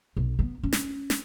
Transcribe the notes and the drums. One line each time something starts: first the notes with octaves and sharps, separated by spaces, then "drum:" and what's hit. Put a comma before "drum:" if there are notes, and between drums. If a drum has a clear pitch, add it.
B1
B3
C#4
drum: snare
drum: snare